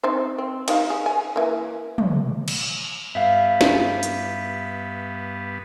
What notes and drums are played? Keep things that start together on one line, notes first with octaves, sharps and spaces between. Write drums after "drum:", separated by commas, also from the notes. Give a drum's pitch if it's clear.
C4 D#4 C5
C4
G3 D#4 F5, drum: cymbal
G#4
G#5
E3 A#3
drum: tom
drum: cymbal
G2 B3 E5 F5
drum: snare
drum: hi-hat